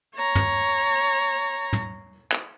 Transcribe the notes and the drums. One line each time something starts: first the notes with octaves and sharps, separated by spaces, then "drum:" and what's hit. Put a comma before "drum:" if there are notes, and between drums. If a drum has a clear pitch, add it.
C#5 A#5
drum: tom
drum: tom
drum: clap